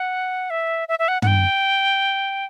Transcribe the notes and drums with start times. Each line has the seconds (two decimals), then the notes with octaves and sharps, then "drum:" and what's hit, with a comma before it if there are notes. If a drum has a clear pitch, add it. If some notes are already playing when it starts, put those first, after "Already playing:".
Already playing: F#5
0.50 E5
0.88 E5
0.99 E5
1.08 F#5
1.22 F#5, drum: tom
1.27 G5